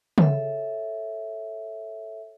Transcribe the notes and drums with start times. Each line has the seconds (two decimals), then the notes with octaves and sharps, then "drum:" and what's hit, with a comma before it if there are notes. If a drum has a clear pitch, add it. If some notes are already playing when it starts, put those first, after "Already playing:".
0.18 A4 C#5 E5, drum: tom